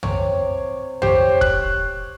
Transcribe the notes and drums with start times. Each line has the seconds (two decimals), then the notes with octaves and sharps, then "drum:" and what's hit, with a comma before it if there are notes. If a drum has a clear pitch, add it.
0.03 C3 C#5 D6, drum: tom
1.02 G4 C5 C#5 G5, drum: tom
1.41 F#6, drum: kick